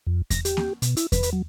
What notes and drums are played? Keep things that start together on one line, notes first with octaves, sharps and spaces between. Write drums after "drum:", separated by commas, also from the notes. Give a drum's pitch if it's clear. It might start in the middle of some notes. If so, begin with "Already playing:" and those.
F2
A#6, drum: kick E2, hi-hat
G4, drum: hi-hat
drum: snare A#3
B2, drum: hi-hat
E4, drum: hi-hat
B4, drum: kick E2, hi-hat
drum: hi-hat
F#3